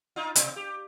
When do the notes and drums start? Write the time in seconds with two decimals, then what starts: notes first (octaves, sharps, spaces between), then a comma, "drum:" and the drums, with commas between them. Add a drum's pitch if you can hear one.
0.16 D#4 F4
0.35 B2, drum: hi-hat
0.56 G4